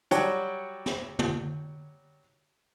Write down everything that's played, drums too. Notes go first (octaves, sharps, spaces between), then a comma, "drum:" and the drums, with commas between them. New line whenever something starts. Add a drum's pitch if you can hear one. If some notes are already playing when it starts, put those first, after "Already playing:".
F#3 G3 F#4 C#5 D5 G5, drum: hi-hat
drum: snare
drum: tom